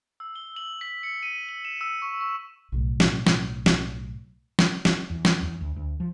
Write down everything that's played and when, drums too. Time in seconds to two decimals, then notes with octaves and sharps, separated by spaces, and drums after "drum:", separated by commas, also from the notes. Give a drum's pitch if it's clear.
0.20 E6
0.36 G7
0.56 F#7
0.81 B6
1.03 C#7
1.23 D#7
1.49 F#7
1.65 E7
1.81 E6
2.02 C#6
2.21 C#6
2.72 B1 A2
3.00 drum: snare
3.27 drum: snare
3.66 drum: snare
4.59 drum: snare
4.85 drum: snare
5.10 E2
5.25 drum: snare
5.42 E2
5.61 D2
5.76 D2
6.00 F3